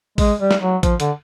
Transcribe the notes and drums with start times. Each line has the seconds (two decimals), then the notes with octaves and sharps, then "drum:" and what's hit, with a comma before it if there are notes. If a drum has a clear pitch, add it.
0.18 G#3, drum: kick A1, open hi-hat
0.40 G3
0.51 drum: snare
0.62 F#3
0.83 F3, drum: kick A1, hi-hat
1.00 D3, drum: hi-hat